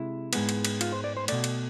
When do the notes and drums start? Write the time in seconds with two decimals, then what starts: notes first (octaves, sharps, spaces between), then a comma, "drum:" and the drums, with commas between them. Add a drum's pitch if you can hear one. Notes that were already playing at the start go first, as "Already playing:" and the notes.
Already playing: C3 G#3 E4
0.33 G#2 G#3 B3, drum: cymbal
0.49 drum: cymbal
0.65 drum: cymbal
0.81 F4, drum: cymbal
0.92 C5
1.04 D5
1.17 C5
1.28 B2 A3 D5, drum: cymbal
1.44 drum: cymbal